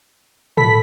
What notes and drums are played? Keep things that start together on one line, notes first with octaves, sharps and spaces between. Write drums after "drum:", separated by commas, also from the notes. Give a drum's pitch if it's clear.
A4 B5 B6, drum: tom A2